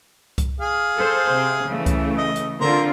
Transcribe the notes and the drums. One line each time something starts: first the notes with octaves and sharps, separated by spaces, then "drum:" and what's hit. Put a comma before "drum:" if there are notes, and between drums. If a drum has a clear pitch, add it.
drum: kick C2, hi-hat
G#4 F5
A4 C5
C3
C#3 E3 A3
drum: kick C2, hi-hat
D#5
drum: hi-hat
D3 C4 F4 A#4 C5